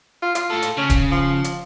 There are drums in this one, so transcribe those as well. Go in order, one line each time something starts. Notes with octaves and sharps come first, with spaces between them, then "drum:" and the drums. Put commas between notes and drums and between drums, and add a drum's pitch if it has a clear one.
F4
F4, drum: hi-hat
A2 A4
drum: hi-hat
C#3 C#4
drum: kick, hi-hat
F3
drum: hi-hat